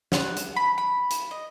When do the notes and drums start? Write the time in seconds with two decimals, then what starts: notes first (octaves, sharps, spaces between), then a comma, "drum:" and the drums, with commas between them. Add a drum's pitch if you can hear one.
0.12 F#5, drum: snare
0.36 drum: hi-hat
0.56 B5
0.78 B5
1.10 drum: hi-hat
1.31 D#5